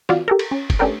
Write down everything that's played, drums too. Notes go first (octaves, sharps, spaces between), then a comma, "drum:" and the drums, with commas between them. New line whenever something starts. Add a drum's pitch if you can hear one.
F4 F#4 D5 F5, drum: snare
G4 A4 A#4
drum: cymbal
C#4
drum: kick, cymbal
A3 C#4 D4 G4 A#4 B4